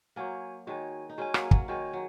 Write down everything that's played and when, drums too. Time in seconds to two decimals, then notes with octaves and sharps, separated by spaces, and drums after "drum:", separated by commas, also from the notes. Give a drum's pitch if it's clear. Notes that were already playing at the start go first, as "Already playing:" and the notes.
0.16 F#3 A#3 F#4 C#5 G#5
0.67 D#3 G#3 F#4 C#5 G#5
1.09 D#4
1.18 G#3 C#4 F#4 C#5 G#5
1.34 F#3 A#3, drum: rim click
1.51 F#3, drum: kick
1.68 D#3 G#3 F#4 C#5 G#5
1.93 F#3